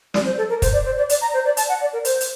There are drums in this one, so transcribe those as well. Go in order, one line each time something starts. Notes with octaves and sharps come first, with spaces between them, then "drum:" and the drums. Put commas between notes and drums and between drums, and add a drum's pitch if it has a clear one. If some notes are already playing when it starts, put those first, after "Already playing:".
D5, drum: snare
C5
A4
A#4
C5, drum: kick, hi-hat
D5
C5
D5
D5, drum: hi-hat
A#5
C5
D5
A5, drum: hi-hat
F#5
D5
A#4
C5, drum: hi-hat
drum: hi-hat